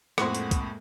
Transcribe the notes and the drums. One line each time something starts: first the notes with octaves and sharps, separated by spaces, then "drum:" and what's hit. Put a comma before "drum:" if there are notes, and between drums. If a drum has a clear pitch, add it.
F2 A2 G#3 A#3 B3 F#4 C5, drum: rim click
drum: hi-hat
drum: kick, hi-hat